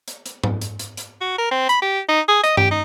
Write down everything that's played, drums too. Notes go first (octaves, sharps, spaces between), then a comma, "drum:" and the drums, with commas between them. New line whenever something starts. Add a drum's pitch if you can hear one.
drum: hi-hat
drum: hi-hat
drum: tom G#2
drum: hi-hat
drum: hi-hat
drum: hi-hat
F#4
A#4
C4
B5, drum: hi-hat
G4
D#4
G#4
D#5, drum: hi-hat
G4, drum: tom G2
D#4